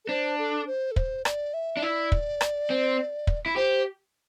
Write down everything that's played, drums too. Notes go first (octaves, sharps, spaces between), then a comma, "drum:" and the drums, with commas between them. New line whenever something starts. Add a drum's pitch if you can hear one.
A4
D4 C5
A4
C5
A4
C5, drum: kick
D5, drum: rim click
E5
D4
E4 D5
drum: kick
drum: rim click
C4
drum: kick
E4
G4 C5